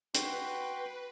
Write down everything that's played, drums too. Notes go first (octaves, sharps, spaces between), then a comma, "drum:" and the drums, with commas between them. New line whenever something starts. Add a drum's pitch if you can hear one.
F#4 B4 G5 C6, drum: hi-hat